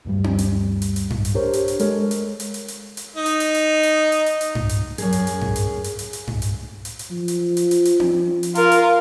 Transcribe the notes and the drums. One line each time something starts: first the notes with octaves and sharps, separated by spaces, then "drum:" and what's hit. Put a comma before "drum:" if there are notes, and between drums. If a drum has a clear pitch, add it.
D2 G2 G3
drum: tom C4
drum: hi-hat
drum: hi-hat
drum: hi-hat
drum: tom G2
drum: hi-hat
D4 G4 A#4 C5 C#5
drum: hi-hat
drum: hi-hat
G#3 A4 A#4 C#5, drum: hi-hat
drum: hi-hat
drum: hi-hat
drum: hi-hat
drum: hi-hat
drum: hi-hat
D#4
drum: hi-hat
drum: hi-hat
drum: hi-hat
drum: hi-hat
drum: hi-hat
drum: hi-hat
drum: hi-hat
drum: tom G2
drum: hi-hat
F#2 G#4, drum: hi-hat
drum: hi-hat
drum: hi-hat
drum: tom G2
drum: hi-hat
drum: hi-hat
drum: hi-hat
drum: hi-hat
drum: tom G2
drum: hi-hat
drum: hi-hat
drum: hi-hat
F3
drum: hi-hat
drum: hi-hat
drum: hi-hat
drum: hi-hat
drum: tom C4
drum: hi-hat
F4 A#4, drum: hi-hat
drum: hi-hat